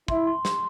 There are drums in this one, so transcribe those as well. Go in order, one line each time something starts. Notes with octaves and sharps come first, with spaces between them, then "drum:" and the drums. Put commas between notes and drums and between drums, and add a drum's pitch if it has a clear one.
E4 C6, drum: kick
C6
C6, drum: snare